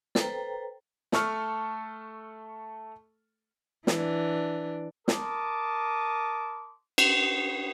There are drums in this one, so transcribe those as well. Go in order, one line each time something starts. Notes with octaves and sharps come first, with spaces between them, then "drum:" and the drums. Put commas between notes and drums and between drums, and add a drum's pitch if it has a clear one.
A4 B4 C5 G5 A#5, drum: snare
A3 A4 C#6 F6, drum: snare
E3 D4, drum: snare
A#4 A5 C6 D6 D#6, drum: snare
drum: cymbal